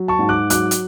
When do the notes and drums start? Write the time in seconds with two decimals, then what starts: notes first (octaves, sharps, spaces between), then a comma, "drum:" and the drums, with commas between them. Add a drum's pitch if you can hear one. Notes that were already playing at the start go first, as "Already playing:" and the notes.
Already playing: F#3
0.08 A5 C#6
0.19 G#2
0.29 D6 F#6
0.50 F#3 D6 F#6, drum: hi-hat
0.71 drum: hi-hat